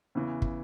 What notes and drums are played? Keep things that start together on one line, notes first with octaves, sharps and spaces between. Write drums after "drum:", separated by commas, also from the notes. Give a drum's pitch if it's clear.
E2 C#3 E3
drum: kick